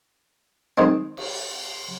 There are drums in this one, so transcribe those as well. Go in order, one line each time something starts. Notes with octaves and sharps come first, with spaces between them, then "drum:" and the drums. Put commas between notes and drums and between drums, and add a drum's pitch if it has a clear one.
D#3 G#3 C4
drum: cymbal